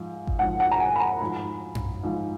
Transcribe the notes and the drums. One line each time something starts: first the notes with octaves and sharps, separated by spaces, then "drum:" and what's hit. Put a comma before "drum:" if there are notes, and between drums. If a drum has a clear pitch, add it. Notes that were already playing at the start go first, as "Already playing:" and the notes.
Already playing: G#2 F3
drum: kick G#1
G#2 F3 F#5
F#5
A#5
G#5
B5
A#5
G#2 F3 B5
drum: tom F#2
G#2 F3